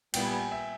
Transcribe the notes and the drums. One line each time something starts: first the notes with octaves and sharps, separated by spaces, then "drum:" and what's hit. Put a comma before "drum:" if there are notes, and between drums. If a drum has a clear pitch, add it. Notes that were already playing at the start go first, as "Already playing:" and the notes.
A#2 G3 B3 E4 G5, drum: cymbal
G#5
G#5
E5